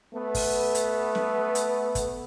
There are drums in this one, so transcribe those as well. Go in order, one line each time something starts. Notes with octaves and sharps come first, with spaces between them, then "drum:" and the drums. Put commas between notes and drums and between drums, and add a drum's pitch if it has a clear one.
A3 B3
drum: kick, open hi-hat
drum: hi-hat
drum: snare
drum: hi-hat
drum: kick, hi-hat